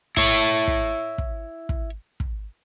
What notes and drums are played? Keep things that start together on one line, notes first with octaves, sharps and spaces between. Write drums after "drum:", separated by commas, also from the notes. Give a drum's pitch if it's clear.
E4 C#5, drum: kick
drum: kick
drum: kick
drum: kick
drum: kick